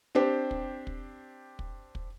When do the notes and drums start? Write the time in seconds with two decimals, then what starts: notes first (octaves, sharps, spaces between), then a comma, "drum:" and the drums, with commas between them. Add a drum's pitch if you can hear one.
0.15 C4 D4 G4 C5
0.51 drum: kick
0.87 drum: kick
1.59 drum: kick
1.95 drum: kick